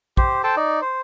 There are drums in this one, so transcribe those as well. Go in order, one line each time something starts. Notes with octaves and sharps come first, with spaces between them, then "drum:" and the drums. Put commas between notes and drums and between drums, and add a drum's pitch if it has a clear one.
G4 C5, drum: kick
A4 C5 G5 A5
D#4 D5
C5